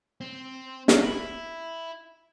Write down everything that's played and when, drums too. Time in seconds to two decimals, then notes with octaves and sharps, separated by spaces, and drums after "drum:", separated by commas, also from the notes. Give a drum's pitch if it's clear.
0.21 C4
0.88 drum: snare
1.04 E4